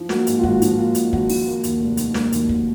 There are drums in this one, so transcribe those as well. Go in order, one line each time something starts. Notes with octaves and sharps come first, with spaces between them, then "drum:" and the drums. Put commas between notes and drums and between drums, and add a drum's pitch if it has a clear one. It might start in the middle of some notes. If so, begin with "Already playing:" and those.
Already playing: F3
A#3 F#4, drum: snare
G#2, drum: hi-hat
F4
G#1 F#4, drum: kick
F3, drum: hi-hat
A#3 F4
G#2, drum: hi-hat
G#1 F#4, drum: kick
F3, drum: open hi-hat
A#3
D#2, drum: hi-hat
F1
D#3, drum: hi-hat
A#3, drum: snare
D#2, drum: hi-hat
drum: kick